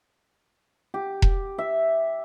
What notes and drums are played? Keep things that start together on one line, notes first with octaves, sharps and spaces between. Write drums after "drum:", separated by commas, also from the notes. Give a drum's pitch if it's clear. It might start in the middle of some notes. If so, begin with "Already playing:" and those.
G4
drum: kick E1
E5